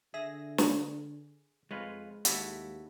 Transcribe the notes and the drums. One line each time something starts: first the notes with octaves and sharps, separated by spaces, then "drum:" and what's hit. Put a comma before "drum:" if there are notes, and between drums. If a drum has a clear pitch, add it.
D3 G#4 E5 A#6
drum: snare
F2 G#3 F4 B4 C#5
D#2 E4 F#4 A4 B6, drum: hi-hat